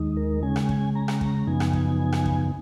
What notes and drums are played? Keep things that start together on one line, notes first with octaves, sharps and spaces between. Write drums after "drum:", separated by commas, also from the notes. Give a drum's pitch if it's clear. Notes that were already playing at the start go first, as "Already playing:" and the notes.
Already playing: D#2 D#3 G#3 D#4
A#4
C#3 G#3 C#4 G#5
drum: rim click
drum: kick
A#5
drum: rim click
A#5, drum: kick
F#2 C#3 F3 B3 D#4 G#5
drum: rim click
drum: kick
drum: rim click
drum: kick